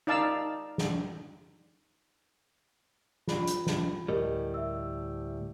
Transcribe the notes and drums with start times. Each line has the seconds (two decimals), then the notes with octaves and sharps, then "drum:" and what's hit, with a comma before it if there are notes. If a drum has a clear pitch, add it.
0.07 D#4 D5 F5 A5 E6
0.78 drum: snare
3.28 F4 B5, drum: snare
3.47 drum: hi-hat
3.67 drum: snare
4.08 D2 A2 G3 G4 A#4 D#5
4.54 E5 E6